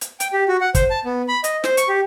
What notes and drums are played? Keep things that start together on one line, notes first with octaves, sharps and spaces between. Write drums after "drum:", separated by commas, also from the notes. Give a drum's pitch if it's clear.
drum: hi-hat
G5, drum: hi-hat
G4
F#4
F#5
C5, drum: kick, hi-hat
A5
B3
B5
D#5, drum: hi-hat
C5, drum: snare
C#6, drum: hi-hat
G4